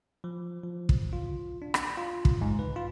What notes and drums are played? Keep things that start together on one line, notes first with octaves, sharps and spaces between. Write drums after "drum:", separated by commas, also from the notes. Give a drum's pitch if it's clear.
F3
F3
drum: kick
F4
D4
drum: rim click
F4
drum: kick
G#2
B4
F4